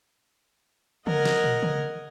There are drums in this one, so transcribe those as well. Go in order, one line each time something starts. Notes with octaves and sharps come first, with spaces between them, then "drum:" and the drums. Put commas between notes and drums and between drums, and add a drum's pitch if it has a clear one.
A#4 D#5 F#5 G#6, drum: tom C#3
drum: snare
drum: tom
drum: tom C#3